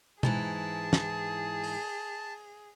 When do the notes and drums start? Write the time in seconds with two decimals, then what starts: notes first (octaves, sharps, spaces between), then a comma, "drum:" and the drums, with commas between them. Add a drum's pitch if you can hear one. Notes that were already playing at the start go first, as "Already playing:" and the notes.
0.23 G#2 E3 E4 G#4 A5, drum: tom B2
0.93 drum: snare
1.64 drum: open hi-hat